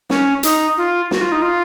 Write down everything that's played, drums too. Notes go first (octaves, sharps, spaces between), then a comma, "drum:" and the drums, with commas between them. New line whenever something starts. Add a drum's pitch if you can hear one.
C#4, drum: snare
D#4, drum: hi-hat
F4
F#4, drum: snare
F4
D#4
F4